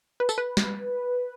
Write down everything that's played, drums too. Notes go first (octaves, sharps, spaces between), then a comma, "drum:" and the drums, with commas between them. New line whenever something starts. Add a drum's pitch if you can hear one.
B4
A4, drum: tambourine
B4
drum: snare